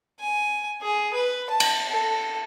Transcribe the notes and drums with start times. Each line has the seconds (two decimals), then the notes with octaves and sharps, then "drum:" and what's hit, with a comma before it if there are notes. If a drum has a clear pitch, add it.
0.20 G#5
0.82 G#4
1.14 B4
1.50 A5
1.60 drum: cymbal
1.89 A4